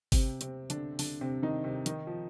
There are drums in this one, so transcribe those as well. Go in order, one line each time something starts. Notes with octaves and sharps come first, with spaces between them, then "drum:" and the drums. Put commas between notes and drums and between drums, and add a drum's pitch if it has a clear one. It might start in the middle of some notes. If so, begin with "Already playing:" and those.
C3 C4, drum: kick G#1, open hi-hat
C3 C4, drum: hi-hat
D3 D4, drum: hi-hat
D3 D4, drum: open hi-hat
C3 C4
D#3 D#4
C3 C4
D#3 D#4, drum: hi-hat
F3